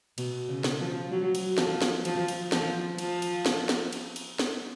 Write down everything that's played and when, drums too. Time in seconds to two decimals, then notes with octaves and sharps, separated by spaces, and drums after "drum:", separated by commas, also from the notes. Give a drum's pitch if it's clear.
0.18 B2, drum: cymbal
0.49 C#3
0.64 drum: snare
0.80 F3
1.11 F#3
1.35 drum: cymbal
1.58 F3, drum: snare
1.82 drum: snare
2.05 F3, drum: cymbal
2.28 drum: cymbal
2.52 F3, drum: snare
2.98 F3, drum: cymbal
3.22 drum: cymbal
3.46 drum: snare
3.69 drum: snare
3.93 drum: cymbal
4.16 drum: cymbal
4.39 drum: snare